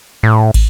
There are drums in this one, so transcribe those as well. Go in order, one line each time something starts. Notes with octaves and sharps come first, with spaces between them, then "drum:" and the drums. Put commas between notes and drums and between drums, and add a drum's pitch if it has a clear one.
A2
drum: kick, cymbal